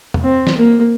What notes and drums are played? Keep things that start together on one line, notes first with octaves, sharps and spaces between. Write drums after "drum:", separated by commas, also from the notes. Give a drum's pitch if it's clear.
drum: tom E2
C4
drum: snare
A#3